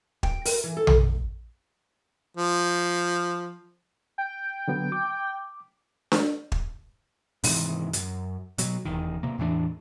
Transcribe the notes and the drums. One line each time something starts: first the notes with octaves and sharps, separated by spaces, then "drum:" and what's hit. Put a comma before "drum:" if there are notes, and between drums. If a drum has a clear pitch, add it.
G5, drum: kick
A#4, drum: open hi-hat
E3
A4
drum: tom A#1
F3
G5
D3 F#3 B3
D6
drum: snare D4
drum: kick
G#2 C3 D#3 E3, drum: open hi-hat
F#2, drum: hi-hat
B2 F#3, drum: hi-hat
F1 E2 D#3
C3 A#3
E2 A2 E3 D4